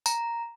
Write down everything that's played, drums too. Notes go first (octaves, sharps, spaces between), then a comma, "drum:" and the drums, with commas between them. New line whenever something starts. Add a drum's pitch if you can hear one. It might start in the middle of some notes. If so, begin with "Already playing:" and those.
A#5, drum: tambourine